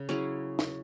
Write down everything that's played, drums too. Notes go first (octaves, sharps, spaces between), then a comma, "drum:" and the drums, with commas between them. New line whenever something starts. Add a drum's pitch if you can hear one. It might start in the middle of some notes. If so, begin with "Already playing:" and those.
Already playing: C#3
F#3 C#4 E4 G#4
drum: snare